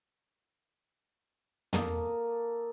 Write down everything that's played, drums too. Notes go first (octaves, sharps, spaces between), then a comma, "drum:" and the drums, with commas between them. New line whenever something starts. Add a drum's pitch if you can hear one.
A#3 A4 A5 D#6, drum: tom